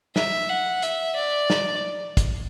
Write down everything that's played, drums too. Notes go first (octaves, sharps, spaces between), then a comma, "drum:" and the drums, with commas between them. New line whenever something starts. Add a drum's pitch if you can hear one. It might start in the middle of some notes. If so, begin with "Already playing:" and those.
E5, drum: snare
F#5
E5, drum: hi-hat
D5
drum: snare
drum: kick, hi-hat